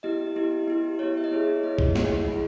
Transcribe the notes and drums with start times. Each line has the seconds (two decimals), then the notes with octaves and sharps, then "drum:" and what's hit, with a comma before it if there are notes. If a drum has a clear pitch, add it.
0.03 B3 E4 G4 D#5
0.36 B3 E4 G4
0.68 B3 E4 G4
0.99 B3 E4 G4 C#5
1.17 E5
1.24 D#5
1.31 B3 E4 G#4 C#5
1.63 B3 E4 G#4 D#5
1.79 drum: kick
1.95 B3 E4 G#4, drum: snare
2.28 B3 E4 G#4 B5